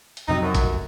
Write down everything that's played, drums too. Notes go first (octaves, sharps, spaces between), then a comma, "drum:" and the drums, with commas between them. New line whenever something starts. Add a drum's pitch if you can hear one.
drum: hi-hat
F2 C3 F#3 D#4
F#2
F1, drum: kick A#1, hi-hat